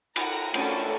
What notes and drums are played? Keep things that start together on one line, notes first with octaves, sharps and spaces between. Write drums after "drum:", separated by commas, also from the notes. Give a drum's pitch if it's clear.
A4 F#5 A#5, drum: cymbal
A3 C#4 D4 F4 F#4 A4, drum: cymbal